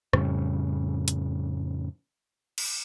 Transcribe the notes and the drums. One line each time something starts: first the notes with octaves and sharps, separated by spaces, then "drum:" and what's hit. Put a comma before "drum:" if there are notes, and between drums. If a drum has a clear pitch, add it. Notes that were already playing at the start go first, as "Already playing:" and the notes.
F2 A2 C#3 G3, drum: rim click
drum: hi-hat
drum: cymbal